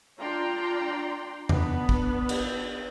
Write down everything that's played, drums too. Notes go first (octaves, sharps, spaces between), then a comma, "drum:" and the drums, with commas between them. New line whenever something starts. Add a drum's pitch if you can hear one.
D4 F4 D5 G5 A#5 C6
B3 D4 B4, drum: tom E2
drum: kick
drum: cymbal